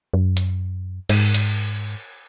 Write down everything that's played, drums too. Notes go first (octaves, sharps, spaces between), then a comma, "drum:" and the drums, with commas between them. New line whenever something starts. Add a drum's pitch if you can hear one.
F#2
drum: hi-hat
G#2, drum: cymbal
drum: hi-hat